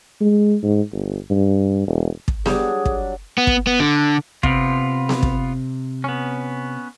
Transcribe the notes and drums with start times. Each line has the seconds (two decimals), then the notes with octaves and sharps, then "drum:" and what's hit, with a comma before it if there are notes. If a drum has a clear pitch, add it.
0.21 G#3
0.63 G#2
0.93 G1
1.30 G2
1.87 E1
2.28 drum: kick
2.46 F#3 G3 D4 G#4, drum: snare B3
2.85 drum: kick
3.38 B3
3.47 drum: kick
3.67 B3
3.80 D3
4.43 C3 B3 F4, drum: kick
5.09 drum: snare B3
5.23 drum: kick
6.04 B3 C#4